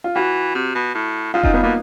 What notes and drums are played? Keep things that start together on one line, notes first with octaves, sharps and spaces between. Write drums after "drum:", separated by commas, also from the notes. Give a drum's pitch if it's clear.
F4
E3 F#4
C3
B2
A2
G#2 F4
F#2 D#4, drum: kick F1
G2 B3
B2 A#3